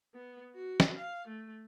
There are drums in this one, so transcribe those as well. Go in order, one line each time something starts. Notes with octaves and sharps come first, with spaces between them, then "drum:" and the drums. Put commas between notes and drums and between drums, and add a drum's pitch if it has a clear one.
B3
F#4
drum: snare
F5
A3